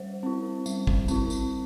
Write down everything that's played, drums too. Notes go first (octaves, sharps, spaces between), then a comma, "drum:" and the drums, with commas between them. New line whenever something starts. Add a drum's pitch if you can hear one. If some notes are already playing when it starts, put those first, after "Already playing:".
Already playing: G3 C5
C4 E4
G3, drum: tambourine
drum: kick
C4 E4, drum: tambourine
drum: tambourine